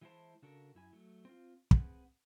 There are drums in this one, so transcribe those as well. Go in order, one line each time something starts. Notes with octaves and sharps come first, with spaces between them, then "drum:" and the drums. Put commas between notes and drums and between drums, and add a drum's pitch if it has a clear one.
E3 G#3 E4 F4 C5 A5
C#3 D4 F#4 A4 A#4
F#2 E4 G#5
F#3 A3
C4 F4
C4 G#4 B4 F#5, drum: kick